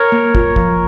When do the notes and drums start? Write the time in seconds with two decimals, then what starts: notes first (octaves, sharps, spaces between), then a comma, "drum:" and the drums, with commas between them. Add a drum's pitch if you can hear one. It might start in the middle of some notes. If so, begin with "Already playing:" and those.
Already playing: A#4 C#5
0.12 A#3
0.35 F4, drum: kick
0.56 F3, drum: kick